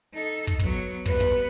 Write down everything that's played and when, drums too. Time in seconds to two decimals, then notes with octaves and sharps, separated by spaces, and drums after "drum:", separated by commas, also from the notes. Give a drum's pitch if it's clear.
0.14 D#4 A4
0.33 drum: hi-hat
0.47 drum: kick, hi-hat
0.59 F#3 B3, drum: kick, hi-hat
0.76 drum: hi-hat
0.91 drum: hi-hat
1.06 G3 B3 B4, drum: kick, hi-hat
1.20 drum: kick, hi-hat
1.35 drum: hi-hat